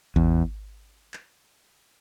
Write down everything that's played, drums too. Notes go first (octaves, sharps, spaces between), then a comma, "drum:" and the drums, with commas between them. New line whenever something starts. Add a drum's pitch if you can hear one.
E2, drum: kick G#1
drum: clap